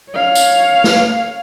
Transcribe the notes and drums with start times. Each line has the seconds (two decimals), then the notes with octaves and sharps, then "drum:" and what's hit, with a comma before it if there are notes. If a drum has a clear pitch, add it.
0.11 C#5 F5
0.35 drum: tambourine
0.84 drum: snare